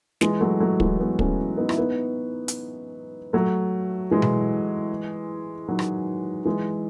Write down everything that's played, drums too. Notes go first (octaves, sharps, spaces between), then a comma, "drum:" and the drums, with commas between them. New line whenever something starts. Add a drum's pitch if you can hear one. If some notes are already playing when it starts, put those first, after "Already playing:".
E3 G#3, drum: snare
F#3 A3
F#3 A3
E3 G#3, drum: kick
G#3 B3
A3 C#4, drum: kick
B3 D#4
E4, drum: rim click
B3 D#4
drum: hi-hat
F#3 A3
E3 G#3
drum: tom B2
D#3 F#3
drum: rim click
E3 G#3